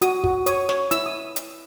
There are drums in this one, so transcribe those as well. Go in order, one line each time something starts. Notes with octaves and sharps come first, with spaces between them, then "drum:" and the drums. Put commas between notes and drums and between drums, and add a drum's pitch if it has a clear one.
F#4 D#6, drum: hi-hat
F#4, drum: kick
C#5 D#6, drum: hi-hat
C#5, drum: snare
E4 E6, drum: hi-hat
D#6
drum: hi-hat